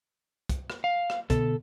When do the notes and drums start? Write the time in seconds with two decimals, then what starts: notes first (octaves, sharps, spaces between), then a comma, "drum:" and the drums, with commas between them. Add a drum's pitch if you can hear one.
0.49 drum: kick, hi-hat
0.70 drum: rim click
0.84 F5
1.10 drum: rim click
1.30 B2 D3 B3 A4, drum: kick, hi-hat